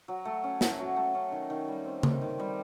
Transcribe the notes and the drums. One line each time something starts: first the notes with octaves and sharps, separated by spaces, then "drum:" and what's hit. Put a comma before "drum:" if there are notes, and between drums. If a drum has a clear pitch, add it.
F#3
A3
C#4
F#3, drum: snare
F#3
A3
C#4
D#3
D#3
G3
C4
D#3, drum: tom C#3
D#3
G3